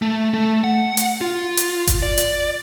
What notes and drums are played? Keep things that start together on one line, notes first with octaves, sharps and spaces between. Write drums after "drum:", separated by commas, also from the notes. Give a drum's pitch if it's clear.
A3
A3
F#5
drum: hi-hat
F4
drum: hi-hat
drum: kick G1, hi-hat
D5
drum: hi-hat